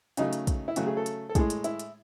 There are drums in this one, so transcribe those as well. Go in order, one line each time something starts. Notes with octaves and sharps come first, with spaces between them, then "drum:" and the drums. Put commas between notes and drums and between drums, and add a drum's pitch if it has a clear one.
C#3 F#3 A3 D#4, drum: hi-hat
drum: hi-hat
drum: kick, hi-hat
E4
C#3 F#3 A3 F#4, drum: hi-hat
G#4
A4
drum: hi-hat
A4
A2 G#3 G#4, drum: kick, hi-hat
drum: hi-hat
E4, drum: hi-hat
drum: hi-hat